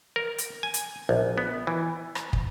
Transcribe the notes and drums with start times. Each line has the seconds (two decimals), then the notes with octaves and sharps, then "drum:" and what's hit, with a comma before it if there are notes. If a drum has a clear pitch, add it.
0.16 A#4
0.38 drum: hi-hat
0.63 G#5
0.74 drum: hi-hat
1.09 A#1
1.38 B3
1.67 E3
2.15 drum: rim click
2.33 drum: kick